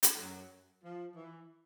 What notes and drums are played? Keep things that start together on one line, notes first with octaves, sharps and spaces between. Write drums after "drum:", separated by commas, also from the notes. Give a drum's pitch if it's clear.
drum: hi-hat
F#2 F#3
F3
E3